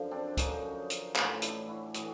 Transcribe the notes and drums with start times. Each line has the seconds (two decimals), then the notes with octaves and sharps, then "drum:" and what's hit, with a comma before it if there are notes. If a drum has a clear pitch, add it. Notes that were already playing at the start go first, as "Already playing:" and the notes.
Already playing: F#2 D3 F3
0.11 C4 D4
0.37 F#2 D3 F3 C#4 D#4, drum: kick, hi-hat
0.90 drum: hi-hat
1.16 A2 E3 D#4 F4, drum: clap
1.42 D4 E4, drum: hi-hat
1.68 E4 F#4
1.94 A2 E3 F#4 G#4, drum: hi-hat